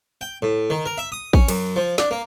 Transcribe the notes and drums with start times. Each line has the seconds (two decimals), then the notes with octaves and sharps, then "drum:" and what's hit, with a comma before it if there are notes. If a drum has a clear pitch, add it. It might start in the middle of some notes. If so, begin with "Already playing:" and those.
0.21 G5
0.42 A2
0.70 D#3
0.86 A#4
0.98 E5
1.12 D#6
1.33 C#4, drum: kick
1.48 F#2, drum: cymbal
1.76 F3
1.98 D4, drum: snare
2.11 A#3